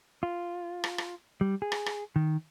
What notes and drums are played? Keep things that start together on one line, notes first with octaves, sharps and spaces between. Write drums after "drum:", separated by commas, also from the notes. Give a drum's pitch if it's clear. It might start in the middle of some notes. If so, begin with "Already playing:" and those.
F4
drum: rim click
drum: rim click
G3
G#4
drum: rim click
drum: rim click
D#3